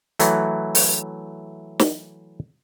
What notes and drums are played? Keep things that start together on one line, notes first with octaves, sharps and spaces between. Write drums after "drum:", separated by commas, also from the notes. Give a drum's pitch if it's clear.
E3 F#3 A3, drum: hi-hat
drum: open hi-hat
drum: snare